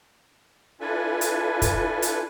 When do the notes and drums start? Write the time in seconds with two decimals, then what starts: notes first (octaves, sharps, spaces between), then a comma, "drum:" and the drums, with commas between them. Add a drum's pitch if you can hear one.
0.80 D4 E4 F4 A4 B4 G#5
1.21 drum: hi-hat
1.62 drum: kick, hi-hat
2.02 drum: hi-hat